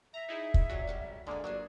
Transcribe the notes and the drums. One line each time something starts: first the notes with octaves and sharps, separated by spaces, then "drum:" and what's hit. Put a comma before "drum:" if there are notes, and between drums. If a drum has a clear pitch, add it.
E5 A#5
D#4 E4 G#4
drum: kick
F2 F#3 G#4 D5
F2 G3 G#3
D3 G#3 A#3 D5 G#5
G1 F#3 A#3 D4 G#4